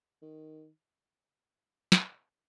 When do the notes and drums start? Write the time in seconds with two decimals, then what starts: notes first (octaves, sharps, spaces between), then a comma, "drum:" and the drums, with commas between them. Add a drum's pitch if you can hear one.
0.22 D#3
1.92 drum: snare